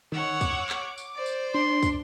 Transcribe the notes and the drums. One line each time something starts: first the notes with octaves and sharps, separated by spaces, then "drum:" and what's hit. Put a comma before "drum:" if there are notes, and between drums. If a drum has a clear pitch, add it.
D#3 C#5 F#5 E6
D6, drum: kick, tambourine
drum: clap
drum: tambourine
C5 D5
drum: tambourine
D4 C6
drum: kick, tambourine